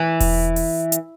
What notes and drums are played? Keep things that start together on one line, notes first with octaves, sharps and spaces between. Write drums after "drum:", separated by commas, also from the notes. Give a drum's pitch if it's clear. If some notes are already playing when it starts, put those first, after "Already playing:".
Already playing: E3
drum: kick E1, open hi-hat
drum: open hi-hat
drum: hi-hat